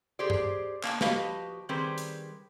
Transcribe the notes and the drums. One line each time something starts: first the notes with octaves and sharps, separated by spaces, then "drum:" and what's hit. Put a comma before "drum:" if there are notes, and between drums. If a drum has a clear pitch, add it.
G4 G#4 C5 D5
drum: tom G2
A#3 A5, drum: clap
F3 F#4 G4 B4 D#5 F5, drum: snare
D#3 G3 C4 G#4 B4 C5
drum: hi-hat